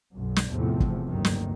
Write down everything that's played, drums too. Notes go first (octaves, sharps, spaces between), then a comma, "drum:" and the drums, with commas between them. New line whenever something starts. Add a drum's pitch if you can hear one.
B1 F#2
drum: snare
E2 A2 C3 F3 A3
drum: kick
F#1 D2 G2 C3 D#3 F#3
drum: snare